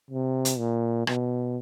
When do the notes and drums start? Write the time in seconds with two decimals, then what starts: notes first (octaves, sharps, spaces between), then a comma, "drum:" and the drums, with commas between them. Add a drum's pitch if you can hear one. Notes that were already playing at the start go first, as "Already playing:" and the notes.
0.10 C3
0.45 drum: hi-hat
0.59 A#2
1.07 B2, drum: rim click